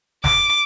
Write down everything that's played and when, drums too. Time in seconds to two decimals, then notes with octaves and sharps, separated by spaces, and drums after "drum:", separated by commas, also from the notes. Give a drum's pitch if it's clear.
0.24 D6, drum: snare